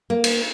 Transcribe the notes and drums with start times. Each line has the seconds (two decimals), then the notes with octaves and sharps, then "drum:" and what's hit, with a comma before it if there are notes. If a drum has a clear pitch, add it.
0.10 A#3
0.24 drum: cymbal